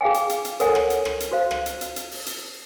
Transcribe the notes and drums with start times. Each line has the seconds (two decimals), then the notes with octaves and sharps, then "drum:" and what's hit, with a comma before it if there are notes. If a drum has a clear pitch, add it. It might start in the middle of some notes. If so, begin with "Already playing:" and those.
0.01 G#4 F5 G5 G#5
0.14 drum: hi-hat
0.30 drum: hi-hat
0.45 drum: hi-hat
0.60 A4 A#4 C#5 F#5 G#5, drum: hi-hat
0.75 drum: rim click
0.90 drum: hi-hat
1.05 drum: rim click
1.20 drum: hi-hat
1.32 F#4 C5 F5
1.51 drum: rim click
1.66 drum: hi-hat
1.81 drum: hi-hat
1.96 drum: hi-hat
2.11 drum: open hi-hat
2.26 drum: hi-hat